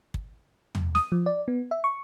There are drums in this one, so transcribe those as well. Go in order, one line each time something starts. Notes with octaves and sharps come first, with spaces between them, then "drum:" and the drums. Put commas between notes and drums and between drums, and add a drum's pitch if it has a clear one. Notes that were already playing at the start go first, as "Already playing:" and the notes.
drum: kick
drum: tom
D#6, drum: snare
F3
D5
B3
E5
C#6